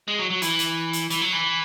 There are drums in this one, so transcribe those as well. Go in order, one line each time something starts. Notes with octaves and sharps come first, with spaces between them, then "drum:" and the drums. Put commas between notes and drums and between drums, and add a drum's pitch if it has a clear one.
G#3
F#3
F#3
E3, drum: hi-hat
drum: hi-hat
drum: hi-hat
E3, drum: hi-hat
F#3
E3